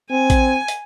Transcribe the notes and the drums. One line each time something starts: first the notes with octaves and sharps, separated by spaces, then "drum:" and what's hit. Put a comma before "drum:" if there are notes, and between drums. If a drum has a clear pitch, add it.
C4 G#5
drum: kick A1, hi-hat
drum: hi-hat